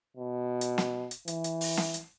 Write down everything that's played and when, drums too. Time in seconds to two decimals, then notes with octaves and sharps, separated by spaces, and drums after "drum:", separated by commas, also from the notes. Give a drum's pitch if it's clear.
0.17 B2
0.61 drum: hi-hat
0.78 drum: snare
1.11 drum: hi-hat
1.28 E3, drum: hi-hat
1.44 drum: hi-hat
1.61 drum: open hi-hat
1.77 drum: snare
1.94 drum: hi-hat